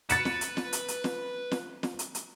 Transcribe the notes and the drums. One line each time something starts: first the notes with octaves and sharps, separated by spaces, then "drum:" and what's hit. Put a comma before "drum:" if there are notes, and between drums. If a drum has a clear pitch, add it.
B4 A6 C#7 E7, drum: hi-hat
drum: snare
drum: hi-hat
drum: snare
drum: hi-hat
drum: hi-hat
drum: snare
drum: snare
drum: snare
drum: hi-hat
drum: hi-hat